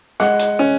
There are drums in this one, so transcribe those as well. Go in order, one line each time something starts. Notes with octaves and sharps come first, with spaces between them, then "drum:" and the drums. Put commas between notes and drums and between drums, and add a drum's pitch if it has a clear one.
G#3 F#5, drum: rim click
drum: hi-hat
C#4